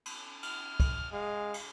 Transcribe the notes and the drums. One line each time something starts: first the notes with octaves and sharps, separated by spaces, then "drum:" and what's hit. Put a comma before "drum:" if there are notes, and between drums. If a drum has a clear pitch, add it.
drum: cymbal
F6, drum: cymbal
drum: kick, cymbal
G#3 F5
drum: cymbal